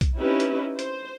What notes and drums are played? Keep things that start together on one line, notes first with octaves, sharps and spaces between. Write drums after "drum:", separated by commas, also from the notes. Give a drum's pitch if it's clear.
drum: kick, hi-hat
C4 C#4 D#4 E4 G4 B4
drum: hi-hat
C5, drum: hi-hat